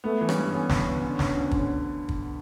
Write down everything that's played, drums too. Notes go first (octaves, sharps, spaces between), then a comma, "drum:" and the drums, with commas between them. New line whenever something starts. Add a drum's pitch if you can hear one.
A3 B3
E3
C#4, drum: rim click
G2
B3 C#4
G2, drum: snare
B3
D3
D3, drum: snare
D2
D3, drum: kick
drum: kick